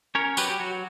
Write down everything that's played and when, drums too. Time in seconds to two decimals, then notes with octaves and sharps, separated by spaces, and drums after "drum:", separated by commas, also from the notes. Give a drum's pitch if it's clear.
0.15 C#4 A#4 C#5
0.37 F#3 G4 B4, drum: tambourine
0.49 G4
0.60 F#3 F#4